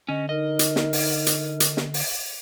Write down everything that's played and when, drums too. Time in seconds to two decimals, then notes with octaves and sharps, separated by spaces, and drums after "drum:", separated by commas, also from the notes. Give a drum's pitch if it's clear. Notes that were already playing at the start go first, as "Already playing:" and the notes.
0.09 D3 C#4 D#5
0.29 D#4 A#4 D#5
0.59 drum: hi-hat
0.76 drum: snare
0.93 drum: open hi-hat
1.26 drum: hi-hat
1.60 drum: hi-hat
1.77 drum: snare
1.94 drum: open hi-hat